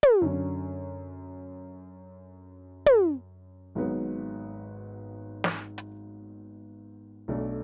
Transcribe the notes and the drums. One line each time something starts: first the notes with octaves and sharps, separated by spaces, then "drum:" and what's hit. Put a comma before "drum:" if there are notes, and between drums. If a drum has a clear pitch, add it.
drum: tom
F#2 D3 F#3 C#4
drum: tom
G#1 G#2 F#3 B3
drum: snare
drum: hi-hat
B1 B2 A3 D4 A4